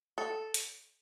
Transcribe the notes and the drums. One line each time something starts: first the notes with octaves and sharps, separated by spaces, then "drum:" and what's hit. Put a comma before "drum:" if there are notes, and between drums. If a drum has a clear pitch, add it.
A4
drum: hi-hat